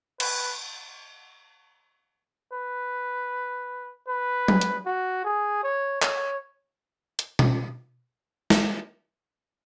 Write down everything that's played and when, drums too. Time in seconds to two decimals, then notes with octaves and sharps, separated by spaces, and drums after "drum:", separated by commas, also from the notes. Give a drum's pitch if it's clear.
0.20 B4, drum: cymbal
2.53 B4
4.08 B4
4.48 drum: tom F#3
4.61 drum: hi-hat
4.86 F#4
5.24 G#4
5.63 C#5
6.02 C#5, drum: clap
7.19 drum: hi-hat
7.39 drum: tom B2
8.50 drum: snare